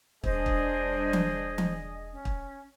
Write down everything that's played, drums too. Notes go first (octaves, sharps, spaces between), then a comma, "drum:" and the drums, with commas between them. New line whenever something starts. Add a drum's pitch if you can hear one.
E1 G3 D4 G#4 C5 D#5, drum: kick
drum: kick
drum: tom E3
drum: tom E3
C#4
drum: kick